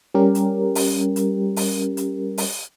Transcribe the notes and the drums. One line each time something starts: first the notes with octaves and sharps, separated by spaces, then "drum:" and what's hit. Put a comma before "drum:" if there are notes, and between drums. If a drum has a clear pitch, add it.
G3 C#4 G4 A#4
drum: hi-hat
drum: open hi-hat
drum: hi-hat
drum: open hi-hat
drum: hi-hat
drum: open hi-hat